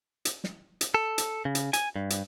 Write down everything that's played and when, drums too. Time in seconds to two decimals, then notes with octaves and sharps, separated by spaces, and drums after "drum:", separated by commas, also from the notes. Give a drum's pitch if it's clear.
0.25 drum: hi-hat
0.44 drum: snare
0.81 drum: hi-hat
0.95 A4
1.18 drum: hi-hat
1.45 C#3
1.55 drum: hi-hat
1.73 G#5, drum: hi-hat
1.96 G2
2.10 drum: hi-hat